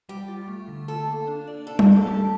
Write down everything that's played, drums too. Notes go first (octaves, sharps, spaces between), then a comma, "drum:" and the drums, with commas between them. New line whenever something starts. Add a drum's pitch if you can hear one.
G3 G4
F4
A3
D3
F4 A4
A#3
D4
D5
D4 A4
A#4, drum: tom G3
G3
A4
G4